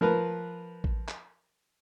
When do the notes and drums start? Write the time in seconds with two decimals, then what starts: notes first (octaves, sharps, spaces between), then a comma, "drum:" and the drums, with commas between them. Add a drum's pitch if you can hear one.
0.01 F3 A#4 B4
0.84 drum: kick A1
1.08 drum: clap